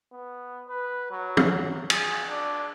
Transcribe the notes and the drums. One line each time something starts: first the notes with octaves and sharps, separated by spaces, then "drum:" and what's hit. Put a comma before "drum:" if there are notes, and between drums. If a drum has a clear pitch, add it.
B3
B4
F#3
drum: tom
G#4, drum: cymbal
D4